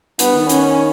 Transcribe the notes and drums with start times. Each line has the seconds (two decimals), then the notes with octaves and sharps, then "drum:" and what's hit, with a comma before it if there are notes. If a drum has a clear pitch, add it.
0.19 G2 B3, drum: hi-hat
0.35 D#3
0.49 C#4, drum: hi-hat